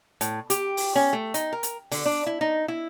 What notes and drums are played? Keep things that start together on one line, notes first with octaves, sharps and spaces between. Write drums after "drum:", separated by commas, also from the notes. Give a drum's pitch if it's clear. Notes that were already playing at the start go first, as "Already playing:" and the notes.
A2, drum: hi-hat
G4, drum: hi-hat
drum: open hi-hat
C#4
A3
D#4, drum: hi-hat
A#4
drum: hi-hat
D3, drum: open hi-hat
D4
E4
D#4
E4